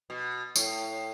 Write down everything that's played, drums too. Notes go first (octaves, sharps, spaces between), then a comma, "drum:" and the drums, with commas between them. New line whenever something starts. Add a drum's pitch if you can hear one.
B2
A2, drum: tambourine